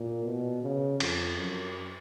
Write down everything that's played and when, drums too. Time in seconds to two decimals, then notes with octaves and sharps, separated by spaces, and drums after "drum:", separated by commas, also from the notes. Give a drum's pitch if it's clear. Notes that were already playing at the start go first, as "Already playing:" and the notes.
Already playing: A#2
0.25 B2
0.62 C#3
1.00 F2, drum: cymbal
1.37 F#2